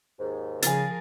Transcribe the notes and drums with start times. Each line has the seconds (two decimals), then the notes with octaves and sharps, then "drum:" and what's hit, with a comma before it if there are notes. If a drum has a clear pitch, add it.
0.19 D#2 G#2
0.62 C#3 F3 G#4 A#4 G#5 A6, drum: hi-hat